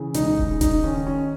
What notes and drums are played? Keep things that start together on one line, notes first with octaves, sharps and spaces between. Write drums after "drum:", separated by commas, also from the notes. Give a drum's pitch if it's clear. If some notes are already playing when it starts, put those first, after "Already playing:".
Already playing: C#3 E3
C#2 D#4, drum: hi-hat
drum: kick D#1
C#3
D#4, drum: kick D#1, hi-hat
D#3 C#4
C#4